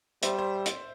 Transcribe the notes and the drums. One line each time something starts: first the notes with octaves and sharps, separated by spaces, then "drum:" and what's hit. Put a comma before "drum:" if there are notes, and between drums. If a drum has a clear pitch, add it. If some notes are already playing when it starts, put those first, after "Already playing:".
G3 C5 E5, drum: hi-hat
C5
drum: hi-hat